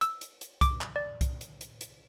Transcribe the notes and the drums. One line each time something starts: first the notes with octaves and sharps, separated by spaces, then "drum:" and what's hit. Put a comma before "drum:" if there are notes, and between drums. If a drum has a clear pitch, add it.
E6, drum: hi-hat
drum: hi-hat
drum: hi-hat
D6, drum: kick C2, hi-hat
drum: clap
D5
drum: kick C2, hi-hat
drum: hi-hat
drum: hi-hat
drum: hi-hat